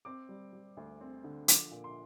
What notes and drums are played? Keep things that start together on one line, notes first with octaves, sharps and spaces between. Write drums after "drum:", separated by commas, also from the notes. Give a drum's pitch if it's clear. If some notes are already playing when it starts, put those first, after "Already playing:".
C4 D6
G3
G3
D2
C4
D3
F3 D6, drum: hi-hat
A#2
C6